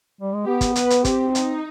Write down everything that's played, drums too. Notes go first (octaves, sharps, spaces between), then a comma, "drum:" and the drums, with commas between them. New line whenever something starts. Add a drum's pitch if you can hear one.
G3
G#3
B3 G4
drum: kick, hi-hat
B4, drum: hi-hat
drum: hi-hat
C4 G4, drum: kick, hi-hat
D#4, drum: hi-hat